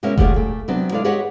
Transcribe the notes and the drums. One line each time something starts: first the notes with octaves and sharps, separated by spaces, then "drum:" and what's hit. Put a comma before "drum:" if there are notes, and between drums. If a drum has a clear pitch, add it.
B2 G#3 A#3 B3 C#4 E5
D3 F3 A3 G4 G#4, drum: kick F1
A#2 A3
C3 F#3 B3 D4
G#3 D4 E4 A4 D5 F5
G4 G#4 B4 C#5 D#5 F#5